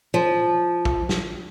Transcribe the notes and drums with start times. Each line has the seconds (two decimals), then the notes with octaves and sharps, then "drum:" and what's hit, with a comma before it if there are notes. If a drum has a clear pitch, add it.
0.14 F3
0.85 drum: kick
1.09 drum: snare